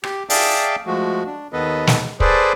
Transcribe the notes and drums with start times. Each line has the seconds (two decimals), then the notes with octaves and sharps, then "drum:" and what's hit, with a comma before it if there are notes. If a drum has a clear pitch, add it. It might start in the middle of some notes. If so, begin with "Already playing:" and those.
0.04 G4, drum: rim click
0.30 G#4 D5 E5 F5 G5 A5, drum: open hi-hat
0.86 F3 G#3 A3 F#4
1.26 D4
1.53 D#2 D#3 B3 A4 B4 D#5
1.87 drum: snare
2.20 G#4 A4 B4 C5 D5, drum: kick